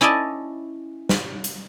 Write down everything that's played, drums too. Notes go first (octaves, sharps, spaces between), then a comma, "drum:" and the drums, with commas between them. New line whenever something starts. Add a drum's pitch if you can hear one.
C#4 E4 D5 D#5 A5
drum: snare
drum: hi-hat